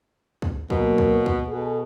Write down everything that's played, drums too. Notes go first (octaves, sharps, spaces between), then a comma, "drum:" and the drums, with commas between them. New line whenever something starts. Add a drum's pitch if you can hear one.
drum: kick
B2 F#3 A#3, drum: kick
drum: kick
drum: kick
B2 F#4 G#4 A4